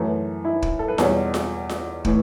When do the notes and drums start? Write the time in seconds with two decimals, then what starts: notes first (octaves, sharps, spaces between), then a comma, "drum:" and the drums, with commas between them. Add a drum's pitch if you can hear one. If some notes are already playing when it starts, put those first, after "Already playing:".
Already playing: F#2 E3 A3
0.45 E4
0.62 drum: kick
0.79 A4
0.88 B4
0.98 E2 B2 G3 C#5, drum: snare F4
1.34 drum: snare F4
1.69 drum: snare F4
2.05 A2 E3, drum: kick